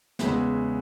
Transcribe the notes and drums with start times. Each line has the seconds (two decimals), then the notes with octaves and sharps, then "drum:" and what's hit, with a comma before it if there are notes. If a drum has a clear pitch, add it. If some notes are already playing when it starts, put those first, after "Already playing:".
0.19 E2 C#3 G#3 B3 E5, drum: snare